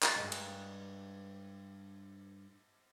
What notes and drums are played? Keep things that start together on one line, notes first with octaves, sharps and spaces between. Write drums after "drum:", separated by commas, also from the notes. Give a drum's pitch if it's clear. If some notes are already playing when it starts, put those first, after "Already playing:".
drum: clap
G2 G#3
drum: cymbal